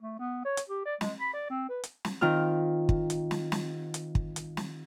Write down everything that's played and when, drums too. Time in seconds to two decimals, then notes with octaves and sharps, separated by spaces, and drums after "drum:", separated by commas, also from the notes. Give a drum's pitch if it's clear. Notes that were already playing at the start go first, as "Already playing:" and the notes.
0.01 A3
0.19 B3
0.45 C#5
0.57 drum: hi-hat
0.69 G4
0.85 D5
1.01 G#3, drum: snare
1.20 B5
1.33 D5
1.50 C4
1.69 B4
1.84 drum: hi-hat
2.05 drum: snare
2.21 D#3 C4 F4 F6
2.89 drum: kick
3.10 drum: hi-hat
3.31 drum: snare
3.52 drum: snare
3.94 drum: hi-hat
4.15 drum: kick
4.36 drum: hi-hat
4.57 drum: snare